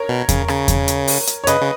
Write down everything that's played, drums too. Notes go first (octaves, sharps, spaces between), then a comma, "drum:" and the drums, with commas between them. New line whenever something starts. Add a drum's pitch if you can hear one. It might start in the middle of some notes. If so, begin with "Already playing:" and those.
Already playing: A#4 C#5
B2
C#3, drum: kick E2, hi-hat
C#3, drum: rim click
drum: kick E2, hi-hat
drum: hi-hat
drum: open hi-hat
drum: hi-hat
C#5
C#3 B4 D#5, drum: hi-hat
C#3